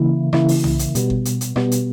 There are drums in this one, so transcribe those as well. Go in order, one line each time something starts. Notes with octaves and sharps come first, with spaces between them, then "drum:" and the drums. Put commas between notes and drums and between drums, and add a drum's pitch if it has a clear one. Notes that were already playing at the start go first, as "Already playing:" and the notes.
Already playing: C#3 E3 A#3 E4
C#3 E3 A#3 E4, drum: rim click
drum: open hi-hat
drum: tom B1
drum: hi-hat
B2 G3 B3, drum: hi-hat
drum: kick G1
drum: hi-hat
drum: hi-hat
B2 G3 B3, drum: rim click
drum: hi-hat